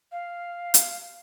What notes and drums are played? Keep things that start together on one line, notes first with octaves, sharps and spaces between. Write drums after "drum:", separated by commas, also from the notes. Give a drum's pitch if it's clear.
F5
drum: hi-hat